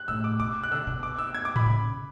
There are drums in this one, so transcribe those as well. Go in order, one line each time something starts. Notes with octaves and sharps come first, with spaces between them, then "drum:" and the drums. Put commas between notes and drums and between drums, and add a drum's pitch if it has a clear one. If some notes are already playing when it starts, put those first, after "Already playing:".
Already playing: F#6
A2 E6
D6
B2 D6
F#6
D3 E6
B2
D6
E6
G#6
D6
B5, drum: tom A2
C#3